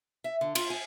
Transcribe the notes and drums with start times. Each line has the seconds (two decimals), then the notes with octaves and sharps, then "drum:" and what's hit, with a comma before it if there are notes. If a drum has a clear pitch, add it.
0.24 E5
0.41 D3
0.55 F4, drum: cymbal
0.70 G#5